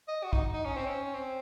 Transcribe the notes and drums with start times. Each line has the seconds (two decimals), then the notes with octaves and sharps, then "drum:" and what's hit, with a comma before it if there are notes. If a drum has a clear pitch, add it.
0.08 D#5
0.24 F#4
0.33 D#4, drum: kick
0.54 D#4
0.65 C#4
0.76 C4
0.87 C#4
1.14 C4